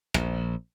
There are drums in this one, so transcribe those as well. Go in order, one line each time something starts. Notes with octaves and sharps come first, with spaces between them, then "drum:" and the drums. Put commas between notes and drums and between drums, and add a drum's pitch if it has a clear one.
A#1, drum: rim click